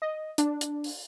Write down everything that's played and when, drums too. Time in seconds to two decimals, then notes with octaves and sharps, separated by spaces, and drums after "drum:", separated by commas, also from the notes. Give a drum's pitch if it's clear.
0.02 D#5
0.38 D4, drum: hi-hat
0.61 drum: hi-hat
0.84 drum: open hi-hat